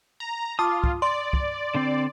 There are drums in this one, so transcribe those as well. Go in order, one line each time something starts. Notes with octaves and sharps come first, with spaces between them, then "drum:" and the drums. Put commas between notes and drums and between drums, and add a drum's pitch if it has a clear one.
A#5
F4 A5 D6 D#6
drum: kick
D5 C6
drum: kick
D3 C4